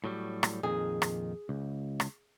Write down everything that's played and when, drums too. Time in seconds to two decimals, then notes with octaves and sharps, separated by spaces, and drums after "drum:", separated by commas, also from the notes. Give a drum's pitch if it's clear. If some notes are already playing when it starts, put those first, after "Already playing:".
0.04 A2 F#3 G3
0.43 drum: rim click
0.63 F2 A#2 D#3 G#4
1.02 drum: rim click
1.49 C#2
2.00 drum: rim click